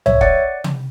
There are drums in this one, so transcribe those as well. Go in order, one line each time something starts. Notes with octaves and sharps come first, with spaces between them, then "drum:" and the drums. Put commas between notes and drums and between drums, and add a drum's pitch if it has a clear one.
C#5 E5, drum: tom C2
D5 F#5, drum: kick
drum: tom